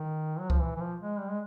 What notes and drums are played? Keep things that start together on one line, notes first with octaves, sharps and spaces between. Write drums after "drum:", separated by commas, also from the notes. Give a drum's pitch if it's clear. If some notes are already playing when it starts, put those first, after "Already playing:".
Already playing: D#3
F#3
F3, drum: kick C#2
E3
E3
F3
G#3
G3
G#3